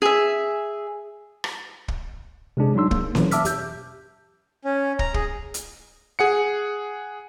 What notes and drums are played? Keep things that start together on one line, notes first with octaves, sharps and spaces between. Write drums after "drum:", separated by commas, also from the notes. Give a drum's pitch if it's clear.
G#4 E5
drum: rim click
drum: kick
C3 G#3 D4 G#4
F#3 D4 D#4 C6 E6
A#3, drum: kick
B2 E3 F#3, drum: snare C#4
E5 A5 D6 E6 F6 B6, drum: hi-hat
G4 G6, drum: hi-hat
C#4
A#5, drum: kick
G#4, drum: kick
drum: hi-hat
G#4 F#5 C#7